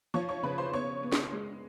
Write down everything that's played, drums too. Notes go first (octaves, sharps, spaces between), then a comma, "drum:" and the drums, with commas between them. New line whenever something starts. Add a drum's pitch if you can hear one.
F3 C#5 C#6
C#5 C#6
C#3 B4 B5
C5 C6
B3 C#5 C#6
B3
drum: snare
G#3